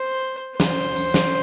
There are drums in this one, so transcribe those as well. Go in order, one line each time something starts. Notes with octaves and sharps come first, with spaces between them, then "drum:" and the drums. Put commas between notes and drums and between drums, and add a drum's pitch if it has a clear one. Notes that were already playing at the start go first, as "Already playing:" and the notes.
Already playing: C5
C5, drum: snare
drum: tambourine
drum: tambourine
drum: snare